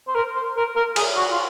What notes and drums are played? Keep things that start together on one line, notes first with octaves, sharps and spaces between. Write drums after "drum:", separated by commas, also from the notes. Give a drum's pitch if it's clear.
C5
A#4
C5
A#4
A#4
G#4, drum: cymbal
F#4
F4